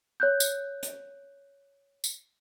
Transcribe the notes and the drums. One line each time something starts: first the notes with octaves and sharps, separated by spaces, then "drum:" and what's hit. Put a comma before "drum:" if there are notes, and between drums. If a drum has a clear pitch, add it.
C#5 F#6 G6
drum: tambourine
drum: hi-hat
drum: tambourine